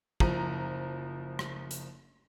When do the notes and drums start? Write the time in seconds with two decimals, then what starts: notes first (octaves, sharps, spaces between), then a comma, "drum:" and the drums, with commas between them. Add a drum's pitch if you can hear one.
0.20 F#1 F3 A#5 D#7, drum: kick
1.39 drum: rim click
1.71 drum: hi-hat